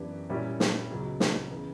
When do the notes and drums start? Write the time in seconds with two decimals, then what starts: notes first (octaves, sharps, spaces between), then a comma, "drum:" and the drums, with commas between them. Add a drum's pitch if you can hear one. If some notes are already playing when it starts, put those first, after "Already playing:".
Already playing: F#2 E3 B3 D4 G4
0.30 A#2 G3 C#4 E4 G4
0.60 drum: snare
0.90 C#2 C#3 F#3 B3
1.20 drum: snare
1.51 C#3 E3 B3